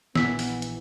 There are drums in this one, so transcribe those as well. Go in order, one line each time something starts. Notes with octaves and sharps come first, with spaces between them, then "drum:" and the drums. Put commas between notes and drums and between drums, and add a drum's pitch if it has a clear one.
A#1 E3 B3 E6 B6, drum: snare
drum: open hi-hat
drum: hi-hat